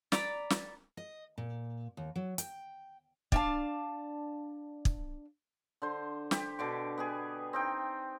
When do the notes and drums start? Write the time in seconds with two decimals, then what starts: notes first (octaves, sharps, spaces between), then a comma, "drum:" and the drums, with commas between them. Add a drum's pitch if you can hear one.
0.12 D5 A#5 B5, drum: snare
0.50 drum: snare
0.97 D#5
1.38 A#2
1.97 D#2
2.16 F#3
2.38 G5, drum: hi-hat
3.32 D4 F5 A5, drum: kick
4.85 drum: kick
5.82 D3 C5
6.31 G4, drum: snare
6.59 B2 D3 D6
6.98 B3 G4 G#4
7.53 C4 D#4 G5